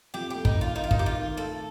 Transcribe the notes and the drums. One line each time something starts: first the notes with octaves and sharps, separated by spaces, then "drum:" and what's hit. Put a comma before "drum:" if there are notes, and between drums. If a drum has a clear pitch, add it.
F2 G4
A3 G4
D#4, drum: kick
D#3
F4
D#3 D#4
F4
D#4, drum: kick
D#3 G4
F4
D#3
A3 A4